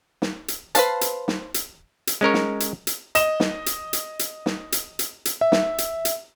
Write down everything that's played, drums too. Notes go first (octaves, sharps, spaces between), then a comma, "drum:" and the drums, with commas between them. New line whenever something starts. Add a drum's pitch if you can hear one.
drum: snare
drum: hi-hat
B4 C5 F5 A5, drum: hi-hat
drum: hi-hat
drum: snare
drum: hi-hat
drum: hi-hat
G#3 C#4 A#4 C#5
drum: snare
drum: hi-hat
drum: hi-hat
D#5 E7, drum: hi-hat
drum: snare
drum: hi-hat
drum: hi-hat
drum: hi-hat
drum: snare
drum: hi-hat
drum: hi-hat
drum: hi-hat
E5
drum: snare
drum: hi-hat
drum: hi-hat